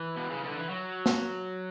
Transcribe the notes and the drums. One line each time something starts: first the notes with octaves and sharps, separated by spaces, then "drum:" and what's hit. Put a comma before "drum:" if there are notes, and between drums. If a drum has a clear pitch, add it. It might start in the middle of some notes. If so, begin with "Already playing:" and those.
Already playing: E3
B2
C#3
D3
E3
F#3
drum: snare